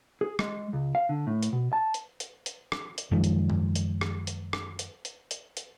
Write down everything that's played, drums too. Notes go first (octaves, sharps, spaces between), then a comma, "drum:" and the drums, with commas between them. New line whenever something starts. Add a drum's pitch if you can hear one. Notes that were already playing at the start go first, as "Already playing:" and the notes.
G#4
G#3, drum: rim click
C#2
F5
D3
A2
drum: hi-hat
B2
A5
drum: hi-hat
drum: hi-hat
drum: hi-hat
drum: rim click
drum: hi-hat
F#2 D#3 F3 G#3
drum: hi-hat
drum: tom G#2
drum: hi-hat
drum: rim click
drum: hi-hat
drum: rim click
drum: hi-hat
drum: hi-hat
drum: hi-hat
drum: hi-hat